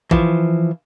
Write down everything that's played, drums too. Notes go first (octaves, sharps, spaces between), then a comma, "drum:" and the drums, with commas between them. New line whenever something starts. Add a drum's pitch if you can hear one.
E3 F3, drum: kick A1